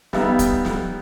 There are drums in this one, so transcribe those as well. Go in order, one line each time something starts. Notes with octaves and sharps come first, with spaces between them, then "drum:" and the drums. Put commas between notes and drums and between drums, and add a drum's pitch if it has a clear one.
G3 B3 D#4 E5 F5, drum: snare
drum: kick, hi-hat
drum: snare